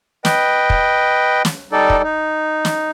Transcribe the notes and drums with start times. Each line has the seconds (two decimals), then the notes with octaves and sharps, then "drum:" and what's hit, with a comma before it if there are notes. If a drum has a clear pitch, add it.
0.25 B4 D#5 G5, drum: snare
0.70 drum: kick
1.45 drum: snare
1.72 G3 D#4 A4 D5
1.90 drum: kick
2.03 D#4
2.65 drum: snare